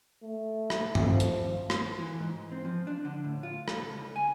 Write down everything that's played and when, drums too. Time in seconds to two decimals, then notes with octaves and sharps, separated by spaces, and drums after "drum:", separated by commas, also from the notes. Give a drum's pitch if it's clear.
0.24 A3
0.70 drum: rim click
0.95 drum: tom
1.04 F3
1.20 drum: hi-hat
1.70 drum: rim click
1.99 E3
2.20 G#2
2.52 C4
2.65 F3
2.87 D4
3.05 D3
3.24 A2
3.43 F4
3.68 A4, drum: rim click
3.90 C#2
4.16 G#5